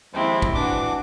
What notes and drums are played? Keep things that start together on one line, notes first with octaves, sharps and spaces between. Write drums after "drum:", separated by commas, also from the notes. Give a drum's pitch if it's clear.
D#2 F3 G#3 C4 E4
drum: kick
E3 D4 F#4 D6